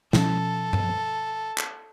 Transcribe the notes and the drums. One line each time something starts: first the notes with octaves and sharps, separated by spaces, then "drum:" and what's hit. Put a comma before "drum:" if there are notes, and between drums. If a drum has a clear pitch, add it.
B2 F3 C#4 A4, drum: snare
drum: tom G2
drum: clap